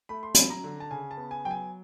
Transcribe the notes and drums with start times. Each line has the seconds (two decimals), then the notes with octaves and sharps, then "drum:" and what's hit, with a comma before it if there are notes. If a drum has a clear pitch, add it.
0.09 A3 B5
0.23 C6
0.35 F#3 B5, drum: hi-hat
0.50 A#5
0.64 D3
0.80 A5
0.91 C#3 G#5
1.11 A5
1.18 B3
1.31 G#5
1.45 F#3 G5
1.51 G#5